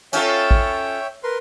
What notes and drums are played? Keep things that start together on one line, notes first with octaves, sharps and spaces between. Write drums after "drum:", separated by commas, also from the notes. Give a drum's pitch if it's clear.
C#4 F4 A4 C#5 E5 G5, drum: hi-hat
drum: kick
A#4 B4 C6